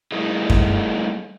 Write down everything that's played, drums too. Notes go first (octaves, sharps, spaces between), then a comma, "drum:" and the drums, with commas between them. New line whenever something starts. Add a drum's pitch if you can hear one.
G3 A3 A#3 D#4 E4 G#4
drum: kick F#2